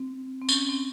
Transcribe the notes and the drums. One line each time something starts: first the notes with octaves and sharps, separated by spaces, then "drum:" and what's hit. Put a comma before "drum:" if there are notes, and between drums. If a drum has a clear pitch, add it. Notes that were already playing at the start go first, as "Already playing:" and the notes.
Already playing: C4
C4
C#4, drum: tambourine
C4